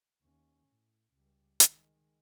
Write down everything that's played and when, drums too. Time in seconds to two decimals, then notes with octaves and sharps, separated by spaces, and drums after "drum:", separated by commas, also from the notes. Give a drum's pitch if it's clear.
0.21 D#2 C#4
0.67 A2
1.13 C#2 G3
1.60 D#3 G#3, drum: hi-hat